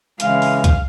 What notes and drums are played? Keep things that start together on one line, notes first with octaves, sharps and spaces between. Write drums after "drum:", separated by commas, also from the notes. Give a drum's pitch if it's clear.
C#3 E3 G#3 F5, drum: hi-hat
drum: open hi-hat
drum: kick, hi-hat